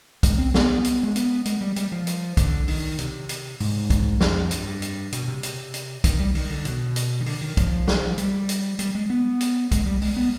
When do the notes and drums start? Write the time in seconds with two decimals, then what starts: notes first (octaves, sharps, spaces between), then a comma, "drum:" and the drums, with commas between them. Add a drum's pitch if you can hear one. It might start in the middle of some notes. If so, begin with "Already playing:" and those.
0.23 G#3, drum: kick, hi-hat
0.38 C4
0.54 B3, drum: snare
0.85 drum: hi-hat
1.03 G#3
1.16 B3, drum: hi-hat
1.46 G#3, drum: hi-hat
1.61 G3
1.76 G3, drum: hi-hat
1.92 F3
2.07 drum: hi-hat
2.37 D3, drum: kick, hi-hat
2.68 D#3, drum: open hi-hat
2.99 C3, drum: hi-hat
3.29 drum: hi-hat
3.60 G#2, drum: open hi-hat
3.90 drum: kick, hi-hat
4.21 F2, drum: snare
4.37 F2
4.51 G2, drum: hi-hat
4.82 drum: hi-hat
5.12 B2, drum: hi-hat
5.28 C3
5.43 drum: hi-hat
5.74 drum: hi-hat
6.04 D#3, drum: kick, hi-hat
6.19 G3
6.35 D#3, drum: open hi-hat
6.50 D3
6.65 B2, drum: hi-hat
6.96 drum: hi-hat
7.20 D#3
7.26 D3, drum: open hi-hat
7.41 D#3
7.57 F3, drum: kick, hi-hat
7.88 drum: snare
8.18 G3, drum: hi-hat
8.49 drum: hi-hat
8.79 G3, drum: hi-hat
8.95 G#3
9.10 B3
9.41 drum: hi-hat
9.72 G#3, drum: kick, hi-hat
9.86 G3
10.02 G#3, drum: open hi-hat
10.17 B3